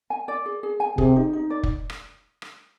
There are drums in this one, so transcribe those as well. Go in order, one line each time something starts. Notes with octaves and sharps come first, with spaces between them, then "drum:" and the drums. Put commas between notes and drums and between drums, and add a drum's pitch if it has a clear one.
G#5
D5
G#4
G#4
G#5
C3 G#4, drum: kick
D#4
D#4
D5
drum: kick
drum: rim click
drum: rim click